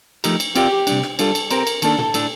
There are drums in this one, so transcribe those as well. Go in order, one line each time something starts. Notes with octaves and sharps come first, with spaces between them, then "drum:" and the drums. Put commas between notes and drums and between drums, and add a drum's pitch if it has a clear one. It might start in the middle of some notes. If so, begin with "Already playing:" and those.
F3 A3 D#4 G4 A#4, drum: cymbal
drum: cymbal
C4 F4 G4 A#4 D5 F5, drum: cymbal
C3 G3 D4, drum: cymbal
drum: rim click
G3 D4 F4 A4, drum: cymbal
drum: cymbal
C4 G4 A#4 C5, drum: cymbal
drum: cymbal
D#3 A#3 D4 A4, drum: cymbal
drum: tom
A2 A3 D4 A4, drum: cymbal